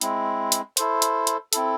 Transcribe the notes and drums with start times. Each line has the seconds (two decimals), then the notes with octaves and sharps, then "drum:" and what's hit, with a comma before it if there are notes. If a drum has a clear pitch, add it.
0.01 G#3 C4 E4, drum: hi-hat
0.52 drum: hi-hat
0.77 E4 A4 C5, drum: hi-hat
1.02 drum: hi-hat
1.27 drum: hi-hat
1.53 C4 E4 A4, drum: hi-hat